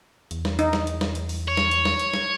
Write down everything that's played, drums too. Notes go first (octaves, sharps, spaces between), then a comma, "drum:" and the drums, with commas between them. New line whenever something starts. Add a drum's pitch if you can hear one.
E2, drum: hi-hat
drum: snare
D#4, drum: hi-hat
drum: snare
drum: hi-hat
drum: snare
drum: hi-hat
drum: open hi-hat
C#5
drum: snare
drum: hi-hat
drum: snare
drum: hi-hat
drum: snare